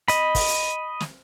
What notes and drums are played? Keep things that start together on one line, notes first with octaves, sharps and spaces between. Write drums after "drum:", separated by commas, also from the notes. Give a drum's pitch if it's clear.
D#5 B5, drum: hi-hat
drum: kick, open hi-hat
drum: hi-hat
drum: snare